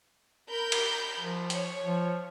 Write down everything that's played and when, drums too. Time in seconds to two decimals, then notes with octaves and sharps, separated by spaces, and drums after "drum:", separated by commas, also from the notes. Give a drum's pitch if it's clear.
0.48 A#4 B5 G6
0.72 drum: cymbal
1.19 F3
1.50 C#5, drum: hi-hat
1.83 F3